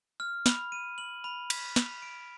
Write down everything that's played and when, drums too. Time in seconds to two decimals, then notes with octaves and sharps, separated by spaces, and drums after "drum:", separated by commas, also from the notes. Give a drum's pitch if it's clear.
0.20 F6
0.46 B5, drum: snare
0.72 D#7
0.98 F#7
1.24 B5
1.50 B6, drum: cymbal
1.76 F7, drum: snare
2.02 D7